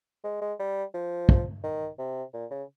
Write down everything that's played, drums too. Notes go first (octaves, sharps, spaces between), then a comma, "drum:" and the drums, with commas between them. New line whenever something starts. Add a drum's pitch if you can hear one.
G#3
G#3
G3
F3
drum: kick
D#3
C3
A#2
C#3